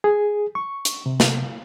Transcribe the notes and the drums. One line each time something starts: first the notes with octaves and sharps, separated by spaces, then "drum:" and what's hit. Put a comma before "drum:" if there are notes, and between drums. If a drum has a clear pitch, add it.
G#4
C#6
drum: hi-hat
C3
drum: snare